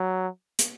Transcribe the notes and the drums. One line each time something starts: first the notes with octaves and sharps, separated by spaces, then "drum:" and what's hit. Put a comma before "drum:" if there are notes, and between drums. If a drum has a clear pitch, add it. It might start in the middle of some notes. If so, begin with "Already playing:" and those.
Already playing: F#3
drum: hi-hat